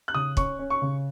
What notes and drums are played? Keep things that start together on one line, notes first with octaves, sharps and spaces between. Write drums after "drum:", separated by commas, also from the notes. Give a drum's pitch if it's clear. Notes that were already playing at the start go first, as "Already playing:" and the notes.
F#6
C#3 D#6
C#4 C#6, drum: kick
C#4
C#6
C#3